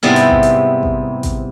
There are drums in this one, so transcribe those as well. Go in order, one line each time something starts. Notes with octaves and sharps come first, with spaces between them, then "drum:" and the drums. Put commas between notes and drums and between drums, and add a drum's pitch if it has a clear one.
G#2 C3 G3 B3 E4
drum: hi-hat
drum: kick A1
drum: hi-hat
drum: kick A1
drum: kick A1, hi-hat